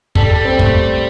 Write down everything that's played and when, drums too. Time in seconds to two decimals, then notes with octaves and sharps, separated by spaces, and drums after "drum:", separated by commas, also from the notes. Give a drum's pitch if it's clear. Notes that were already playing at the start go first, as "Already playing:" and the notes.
0.15 G3 A4, drum: kick
0.30 A4
0.45 C4
0.59 A3, drum: kick